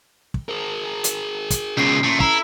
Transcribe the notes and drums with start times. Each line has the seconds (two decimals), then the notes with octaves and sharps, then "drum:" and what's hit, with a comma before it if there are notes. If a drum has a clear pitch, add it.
0.34 drum: kick
0.49 G#4 A#4
1.04 drum: hi-hat
1.50 drum: kick, hi-hat
1.77 C#2 B2 C#4 C7
2.04 A#2 A3
2.20 E4 A4 A#5, drum: kick